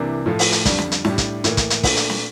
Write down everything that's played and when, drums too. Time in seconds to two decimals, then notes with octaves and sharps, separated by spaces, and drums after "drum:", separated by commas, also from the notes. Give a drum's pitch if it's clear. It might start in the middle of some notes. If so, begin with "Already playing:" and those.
Already playing: C2 C3 E3 A#3 D4
0.26 A2 F3 A3
0.39 drum: open hi-hat
0.52 drum: hi-hat
0.65 F2 D3 G3, drum: kick, hi-hat
0.78 drum: snare
0.92 drum: hi-hat
1.05 A2 G3 D4 G4, drum: snare
1.18 drum: kick, hi-hat
1.44 A2 E3 A#3, drum: hi-hat
1.57 drum: kick, hi-hat
1.70 drum: hi-hat
1.83 A#2 A3 D4, drum: kick, open hi-hat
1.97 drum: hi-hat
2.10 drum: snare